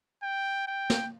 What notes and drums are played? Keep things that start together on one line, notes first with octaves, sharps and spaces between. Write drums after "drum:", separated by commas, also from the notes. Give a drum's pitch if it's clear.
G5
G5
drum: snare